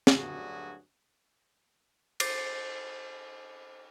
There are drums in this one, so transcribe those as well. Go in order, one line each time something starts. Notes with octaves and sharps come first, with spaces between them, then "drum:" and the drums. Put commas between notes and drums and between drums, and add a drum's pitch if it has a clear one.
drum: snare
D2 G2 F#3 F#4 G#4
C5 D6 A6 C7, drum: cymbal